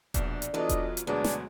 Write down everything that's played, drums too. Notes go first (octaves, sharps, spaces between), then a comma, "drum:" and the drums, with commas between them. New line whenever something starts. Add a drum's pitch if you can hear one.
A#1 B2 D4, drum: kick E1, hi-hat
drum: hi-hat
E3 F#3 B3 D4 F4 A4 D#5
drum: kick E1, hi-hat
drum: hi-hat
D2 B2 F#3 G#3 B3 D4 G#4
drum: snare